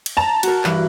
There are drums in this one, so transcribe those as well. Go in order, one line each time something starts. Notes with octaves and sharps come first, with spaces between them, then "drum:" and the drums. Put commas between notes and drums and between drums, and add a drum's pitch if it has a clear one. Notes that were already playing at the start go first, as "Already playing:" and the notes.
drum: cymbal
A5 A#5
F#4 A#4, drum: cymbal
G2 E3 F#6, drum: clap